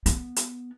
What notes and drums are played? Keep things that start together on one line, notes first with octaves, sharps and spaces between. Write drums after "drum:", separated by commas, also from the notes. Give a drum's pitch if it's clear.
B3, drum: hi-hat
drum: hi-hat